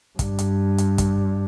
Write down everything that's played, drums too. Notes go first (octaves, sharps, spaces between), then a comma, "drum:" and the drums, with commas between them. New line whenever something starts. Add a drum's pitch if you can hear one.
G2, drum: kick, hi-hat
drum: hi-hat
drum: hi-hat
drum: kick, hi-hat